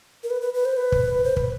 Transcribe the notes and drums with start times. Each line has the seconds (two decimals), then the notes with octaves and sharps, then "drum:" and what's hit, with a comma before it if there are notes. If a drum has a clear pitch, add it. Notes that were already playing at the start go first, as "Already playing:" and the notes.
0.23 A#4
0.30 B4
0.41 B4
0.54 B4
0.65 C5
0.77 B4
0.92 drum: kick
1.24 C5
1.37 B4, drum: kick